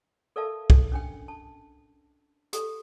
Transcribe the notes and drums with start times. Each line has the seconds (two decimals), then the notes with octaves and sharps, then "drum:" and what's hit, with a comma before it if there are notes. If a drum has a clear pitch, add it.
0.36 A4 A#4 D5 E5 F5 A5
0.70 drum: kick C2
0.92 C#4 D4 G5
1.28 A5
2.53 G4 A4, drum: hi-hat